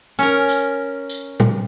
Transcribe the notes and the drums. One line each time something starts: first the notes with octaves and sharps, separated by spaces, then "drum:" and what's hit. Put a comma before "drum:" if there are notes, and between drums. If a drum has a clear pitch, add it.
C#4 A#4, drum: tambourine
drum: tambourine
drum: tambourine
drum: tom